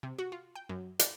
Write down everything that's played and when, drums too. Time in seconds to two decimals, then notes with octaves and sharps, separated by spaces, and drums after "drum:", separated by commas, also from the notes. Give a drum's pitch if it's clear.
0.03 C3
0.19 F#4
0.32 F4
0.55 G5
0.69 F#2
0.99 D5, drum: hi-hat